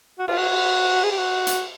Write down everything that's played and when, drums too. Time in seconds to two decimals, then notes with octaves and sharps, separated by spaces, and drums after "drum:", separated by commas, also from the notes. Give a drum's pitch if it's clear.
0.19 F#4
0.28 F4, drum: cymbal
0.38 F#4
1.04 G#4
1.12 G4
1.19 F#4
1.47 drum: hi-hat